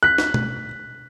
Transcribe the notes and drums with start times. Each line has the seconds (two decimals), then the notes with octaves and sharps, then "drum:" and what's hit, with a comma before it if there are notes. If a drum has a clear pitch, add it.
0.03 F#6 B6
0.18 drum: snare
0.34 drum: tom B2